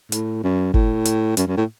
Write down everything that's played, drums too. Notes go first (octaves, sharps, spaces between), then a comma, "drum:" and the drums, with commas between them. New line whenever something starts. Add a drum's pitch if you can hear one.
A2, drum: hi-hat
F#2
A2, drum: kick
drum: hi-hat
F#2, drum: hi-hat
F#2
A2